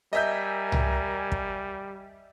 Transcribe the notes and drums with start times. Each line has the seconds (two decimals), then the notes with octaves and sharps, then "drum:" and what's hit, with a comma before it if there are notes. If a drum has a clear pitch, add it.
0.13 G3 A#4 D#5 E5 G#5 G6
0.72 drum: tom C2
1.32 drum: kick